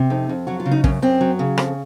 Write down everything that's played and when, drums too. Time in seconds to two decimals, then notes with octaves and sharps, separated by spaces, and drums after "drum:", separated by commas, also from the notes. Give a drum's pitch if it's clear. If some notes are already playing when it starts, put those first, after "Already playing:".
Already playing: C3
0.10 F2 D#4
0.29 F2
0.47 F#3 F#4
0.60 F4
0.65 C#3
0.71 D#4
0.84 F#2 C#4, drum: kick
1.02 F#2 C4
1.21 F#3
1.39 C#3
1.58 F2, drum: rim click